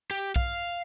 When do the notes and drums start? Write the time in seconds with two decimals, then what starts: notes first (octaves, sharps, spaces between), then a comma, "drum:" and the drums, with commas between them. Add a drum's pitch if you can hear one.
0.11 G4
0.36 F5, drum: kick B1